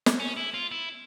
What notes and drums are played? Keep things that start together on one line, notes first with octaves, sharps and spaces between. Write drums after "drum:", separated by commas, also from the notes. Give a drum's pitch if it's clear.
drum: snare
C#4
E4
F4
E4